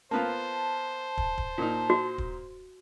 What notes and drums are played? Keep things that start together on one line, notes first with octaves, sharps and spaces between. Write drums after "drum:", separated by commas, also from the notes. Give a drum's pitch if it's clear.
A#3 B3 F4 C5 A5
drum: kick
drum: kick
A#2 A#3 D#4
F#4
drum: kick